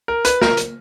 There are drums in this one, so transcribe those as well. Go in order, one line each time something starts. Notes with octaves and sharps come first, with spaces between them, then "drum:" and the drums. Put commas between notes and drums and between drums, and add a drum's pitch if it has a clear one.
A#4
B4, drum: hi-hat
A#4, drum: snare
drum: hi-hat